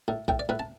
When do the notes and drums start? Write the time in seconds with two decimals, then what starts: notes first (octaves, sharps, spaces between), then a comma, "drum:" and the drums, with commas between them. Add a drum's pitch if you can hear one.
0.08 A2
0.28 A2 G5, drum: kick B1
0.39 D5
0.49 A2 B4
0.59 A5